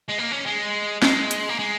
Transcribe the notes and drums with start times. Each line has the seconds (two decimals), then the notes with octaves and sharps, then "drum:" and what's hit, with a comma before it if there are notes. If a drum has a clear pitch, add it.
0.09 G#3
0.19 A#3
0.32 C#4
0.46 G#3
1.02 G#3, drum: snare
1.31 drum: hi-hat
1.49 A#3
1.59 G#3